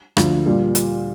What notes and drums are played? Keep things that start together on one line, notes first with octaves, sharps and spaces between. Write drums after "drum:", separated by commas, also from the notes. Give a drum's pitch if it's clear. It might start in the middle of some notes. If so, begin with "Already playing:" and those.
D2 D3 F3, drum: rim click
A#2 G3
drum: hi-hat